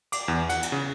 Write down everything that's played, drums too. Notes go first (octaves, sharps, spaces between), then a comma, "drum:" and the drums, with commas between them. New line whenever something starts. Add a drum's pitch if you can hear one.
D6, drum: cymbal
E2
F#5, drum: cymbal
drum: cymbal
C#3